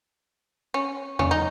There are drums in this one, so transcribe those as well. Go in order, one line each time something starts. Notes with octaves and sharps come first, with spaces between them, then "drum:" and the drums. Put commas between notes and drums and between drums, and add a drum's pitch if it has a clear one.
C#4
C#4, drum: tom E2
D#4